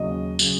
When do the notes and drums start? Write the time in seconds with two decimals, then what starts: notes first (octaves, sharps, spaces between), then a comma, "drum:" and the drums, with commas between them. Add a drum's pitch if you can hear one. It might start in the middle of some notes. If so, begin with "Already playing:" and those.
Already playing: D#2 C#3 F#3 D#5
0.39 C#3 F#3, drum: tambourine